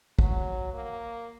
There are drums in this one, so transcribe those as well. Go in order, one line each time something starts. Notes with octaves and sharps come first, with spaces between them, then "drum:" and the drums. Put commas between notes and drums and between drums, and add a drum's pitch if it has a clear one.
F#3, drum: kick
A#3